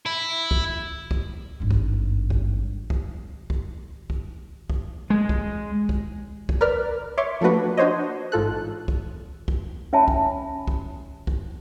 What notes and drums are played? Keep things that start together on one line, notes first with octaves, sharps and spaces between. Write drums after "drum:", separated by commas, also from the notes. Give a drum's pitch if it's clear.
E4
drum: kick
drum: kick
G#1 G2
drum: kick
drum: kick
drum: kick
drum: kick
drum: kick
drum: kick
G#3
drum: kick
drum: kick
drum: kick
A#4 B4 D5 F6
C#5 E5 C6 D6
F3 A3 A#3 D4 F#4 B4
D4 F#4 C5 C#5 D#5
A1 G#2 F4 A4 F#6
drum: kick
drum: kick
C#4 C#5 E5 G#5 A5 B5
drum: kick
drum: kick
drum: kick